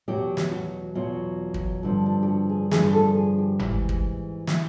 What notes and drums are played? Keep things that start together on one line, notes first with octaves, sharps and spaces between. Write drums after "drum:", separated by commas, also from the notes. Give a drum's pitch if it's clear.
E2 B2 F#3 G4
drum: snare
F#4
E2 B2 F#3 F4
drum: kick
G2 D3 F3
D4
G4
F#4
G#4
G2 D3 F3 G#4, drum: snare
A4
G#4
G4
G#2 E3, drum: tom G1
drum: kick
E3, drum: snare